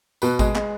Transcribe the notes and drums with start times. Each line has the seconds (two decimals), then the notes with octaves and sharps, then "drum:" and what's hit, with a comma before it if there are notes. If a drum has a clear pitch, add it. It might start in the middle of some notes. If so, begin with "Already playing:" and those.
0.22 B2 B4, drum: tambourine
0.39 G#3, drum: kick G#1, tambourine
0.55 G#3, drum: clap